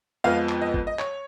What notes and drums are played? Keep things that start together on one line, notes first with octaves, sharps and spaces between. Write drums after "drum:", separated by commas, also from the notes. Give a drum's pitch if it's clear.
F2 F3 G#3 B3 F5
drum: clap
D#5
drum: kick
D#5
C#5, drum: clap